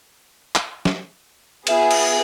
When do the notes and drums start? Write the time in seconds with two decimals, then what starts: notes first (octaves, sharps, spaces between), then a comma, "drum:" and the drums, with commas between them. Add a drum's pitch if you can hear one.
0.56 drum: clap
0.85 drum: snare
1.67 B3 F4 G#4 E5 E7, drum: cymbal
1.91 drum: cymbal